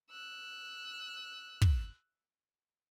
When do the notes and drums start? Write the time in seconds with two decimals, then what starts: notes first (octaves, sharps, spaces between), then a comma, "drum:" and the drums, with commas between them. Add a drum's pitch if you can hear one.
0.11 E6 F#6
1.62 drum: kick